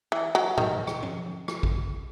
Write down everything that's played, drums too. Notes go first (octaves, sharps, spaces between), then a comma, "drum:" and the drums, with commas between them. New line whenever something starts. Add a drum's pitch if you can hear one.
E3
F#3
D#3, drum: tom G#2
drum: rim click
drum: tom
drum: rim click
drum: kick